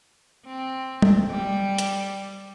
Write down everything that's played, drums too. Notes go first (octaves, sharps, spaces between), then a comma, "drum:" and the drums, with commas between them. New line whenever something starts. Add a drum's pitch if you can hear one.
C4
drum: tom
G3 G4
drum: hi-hat